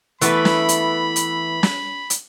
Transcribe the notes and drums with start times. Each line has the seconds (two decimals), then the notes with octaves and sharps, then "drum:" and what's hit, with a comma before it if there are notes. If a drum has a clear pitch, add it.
0.21 E3 A3 B3 B4 B5, drum: hi-hat
0.45 drum: snare
0.69 drum: hi-hat
1.16 drum: hi-hat
1.63 drum: snare
2.10 drum: hi-hat